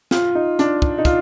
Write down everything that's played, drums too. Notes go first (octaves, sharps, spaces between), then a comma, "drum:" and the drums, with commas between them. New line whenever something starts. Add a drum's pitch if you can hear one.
F4, drum: snare
D#4
D4, drum: hi-hat
drum: kick
D#4
F4, drum: kick, hi-hat